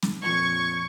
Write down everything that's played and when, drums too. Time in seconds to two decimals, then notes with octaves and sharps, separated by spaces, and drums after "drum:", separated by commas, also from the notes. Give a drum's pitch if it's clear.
0.03 drum: snare
0.23 F2 A#2 C#6 G#6